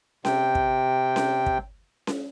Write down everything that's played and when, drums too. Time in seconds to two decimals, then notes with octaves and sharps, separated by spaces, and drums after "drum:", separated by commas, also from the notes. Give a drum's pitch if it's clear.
0.25 C3 G5, drum: snare C#4
0.55 drum: kick
1.16 drum: snare C#4
1.46 drum: kick
2.07 drum: snare C#4